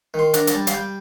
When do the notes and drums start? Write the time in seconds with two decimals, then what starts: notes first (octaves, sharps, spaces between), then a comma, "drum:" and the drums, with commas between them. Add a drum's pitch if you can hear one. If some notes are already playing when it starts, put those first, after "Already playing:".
0.14 D#3
0.19 C6
0.34 D4 A#5, drum: hi-hat
0.47 A#5, drum: hi-hat
0.54 G3 A5
0.67 F5, drum: hi-hat
0.74 G3 G5